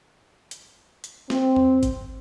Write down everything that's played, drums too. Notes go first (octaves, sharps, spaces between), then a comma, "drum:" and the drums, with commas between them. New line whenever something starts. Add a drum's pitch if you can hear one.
drum: hi-hat
drum: hi-hat
C4, drum: snare
drum: tom E2
drum: kick G#1, hi-hat